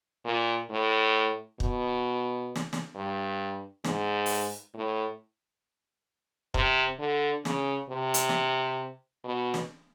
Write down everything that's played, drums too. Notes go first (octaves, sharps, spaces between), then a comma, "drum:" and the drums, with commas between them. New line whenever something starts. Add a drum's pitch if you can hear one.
A#2
A2
B2, drum: kick
drum: snare
drum: snare
G2
G#2, drum: snare
drum: open hi-hat
A2
C3, drum: kick
D3
C#3, drum: snare
C3
drum: hi-hat
drum: snare
B2
drum: snare